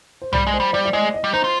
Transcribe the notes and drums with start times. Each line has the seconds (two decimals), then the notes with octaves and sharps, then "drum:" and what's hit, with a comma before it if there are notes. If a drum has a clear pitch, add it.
0.22 C5
0.33 G3 D5, drum: tom
0.47 G#3
0.53 C5
0.60 G3
0.73 G3 D5
0.86 D5
0.93 G#3 D#5
1.14 D#5
1.24 G3
1.33 D#4 C5
1.44 F4